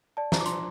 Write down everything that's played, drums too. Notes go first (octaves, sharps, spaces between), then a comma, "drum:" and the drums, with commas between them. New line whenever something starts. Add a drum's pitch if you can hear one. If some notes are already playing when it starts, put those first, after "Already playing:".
D5 A5
A#5, drum: snare
F4 D6
C6, drum: hi-hat